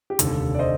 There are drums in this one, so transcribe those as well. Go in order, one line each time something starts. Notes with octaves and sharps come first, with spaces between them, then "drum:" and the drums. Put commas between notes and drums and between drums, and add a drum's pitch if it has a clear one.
G4
F1 D#2 D3 A4, drum: hi-hat
D5
C5 D#5